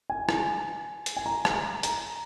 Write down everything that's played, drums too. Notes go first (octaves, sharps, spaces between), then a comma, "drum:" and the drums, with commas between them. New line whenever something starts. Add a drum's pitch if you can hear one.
G#5
drum: rim click
drum: hi-hat
G#5
A#5
drum: rim click
A#5, drum: hi-hat